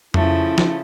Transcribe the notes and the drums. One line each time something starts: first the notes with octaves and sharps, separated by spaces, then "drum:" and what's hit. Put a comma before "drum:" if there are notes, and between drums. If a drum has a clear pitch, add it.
C#3 F3 A3 E4, drum: tom F2
drum: snare